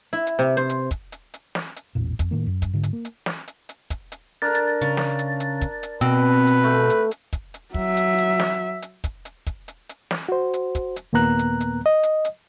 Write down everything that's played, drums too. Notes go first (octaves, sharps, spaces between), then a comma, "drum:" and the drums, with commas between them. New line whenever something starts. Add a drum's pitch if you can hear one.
E4
drum: hi-hat
C3
C5
drum: hi-hat
drum: kick, hi-hat
drum: hi-hat
drum: hi-hat
drum: snare
drum: hi-hat
A1 E2 A#2
F2, drum: kick, hi-hat
A2 D#3 A#3
F#2
drum: kick, hi-hat
G#2 D3
drum: hi-hat
A#3
drum: hi-hat
drum: snare
drum: hi-hat
drum: hi-hat
drum: kick, hi-hat
drum: hi-hat
D4 A#4 A6
drum: hi-hat
C#3
drum: snare
drum: hi-hat
drum: hi-hat
drum: kick, hi-hat
drum: hi-hat
B2 C4 B4
drum: hi-hat
A3
drum: hi-hat
drum: hi-hat
drum: kick, hi-hat
drum: hi-hat
F#3 E5, drum: kick
drum: hi-hat
drum: hi-hat
drum: snare
drum: hi-hat
drum: kick, hi-hat
drum: hi-hat
drum: kick, hi-hat
drum: hi-hat
drum: hi-hat
drum: snare
F#4 C5
drum: hi-hat
drum: kick, hi-hat
drum: hi-hat
D#2 A#2 A#3 B3 A#5 F#6
drum: hi-hat
drum: hi-hat
D#5
drum: hi-hat
drum: hi-hat